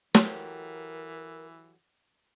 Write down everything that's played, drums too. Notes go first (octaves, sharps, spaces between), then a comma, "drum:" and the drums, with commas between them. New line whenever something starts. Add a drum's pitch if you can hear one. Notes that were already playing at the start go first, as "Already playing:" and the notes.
E3 F#3 G4 A4 A#4, drum: snare